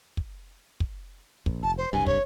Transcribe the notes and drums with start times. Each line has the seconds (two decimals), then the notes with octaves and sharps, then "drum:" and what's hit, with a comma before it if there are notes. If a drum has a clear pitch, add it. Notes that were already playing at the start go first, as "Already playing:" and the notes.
0.17 drum: kick
0.80 drum: kick
1.46 A#1, drum: kick
1.63 F1 A5
1.78 C5
1.93 F#1 C2 G2 G#5
2.06 C#5, drum: kick